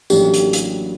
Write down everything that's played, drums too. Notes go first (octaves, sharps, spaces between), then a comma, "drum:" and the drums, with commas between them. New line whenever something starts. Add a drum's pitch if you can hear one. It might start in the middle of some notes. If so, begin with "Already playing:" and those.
A1 A2 F#3 A#3 D4 G4, drum: tambourine
drum: hi-hat
drum: hi-hat